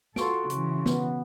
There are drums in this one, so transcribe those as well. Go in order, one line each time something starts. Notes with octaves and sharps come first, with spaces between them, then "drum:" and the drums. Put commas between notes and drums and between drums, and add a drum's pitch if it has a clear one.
F4 F#4 A4 C6 C#6 D7, drum: snare
C#3 E3, drum: hi-hat
B3, drum: snare